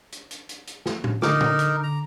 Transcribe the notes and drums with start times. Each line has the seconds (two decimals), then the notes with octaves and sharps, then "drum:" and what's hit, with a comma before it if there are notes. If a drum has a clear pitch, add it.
0.12 drum: hi-hat
0.31 drum: hi-hat
0.49 drum: hi-hat
0.67 drum: hi-hat
0.86 drum: snare
1.04 drum: tom
1.22 D3 D#4 A#4 D6, drum: snare
1.41 drum: tom
1.59 drum: hi-hat
1.83 A#5